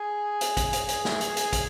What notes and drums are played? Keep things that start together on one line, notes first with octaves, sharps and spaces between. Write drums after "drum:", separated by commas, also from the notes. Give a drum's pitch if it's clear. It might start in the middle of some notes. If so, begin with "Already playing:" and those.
Already playing: G#4
drum: hi-hat
drum: kick, hi-hat
drum: hi-hat
G#4, drum: hi-hat
drum: snare
drum: hi-hat
drum: hi-hat
drum: kick, hi-hat